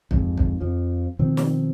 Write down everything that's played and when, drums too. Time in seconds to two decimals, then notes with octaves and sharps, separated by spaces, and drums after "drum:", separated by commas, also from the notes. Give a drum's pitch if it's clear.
0.11 F2 G#2, drum: kick
0.38 drum: kick
0.61 F2 F3
1.19 B2 D#3 F3 C4
1.37 drum: snare